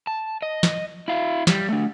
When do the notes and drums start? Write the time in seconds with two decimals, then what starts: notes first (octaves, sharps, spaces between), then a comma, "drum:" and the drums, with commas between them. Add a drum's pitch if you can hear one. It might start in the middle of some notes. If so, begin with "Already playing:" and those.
0.07 A5
0.42 D#5
0.63 drum: snare
1.08 E4 F5
1.47 G3, drum: snare
1.69 A3 D4